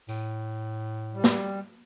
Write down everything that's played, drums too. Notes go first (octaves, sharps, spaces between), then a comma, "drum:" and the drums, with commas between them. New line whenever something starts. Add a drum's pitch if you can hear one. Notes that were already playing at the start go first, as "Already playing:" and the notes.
A2, drum: tambourine
G3
drum: snare